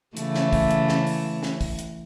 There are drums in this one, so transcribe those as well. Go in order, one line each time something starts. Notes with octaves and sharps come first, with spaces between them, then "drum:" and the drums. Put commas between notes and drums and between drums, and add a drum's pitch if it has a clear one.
C#3 E3 A3, drum: hi-hat
drum: snare
drum: kick, open hi-hat
drum: hi-hat
drum: snare
drum: open hi-hat
drum: snare
drum: kick, open hi-hat
drum: hi-hat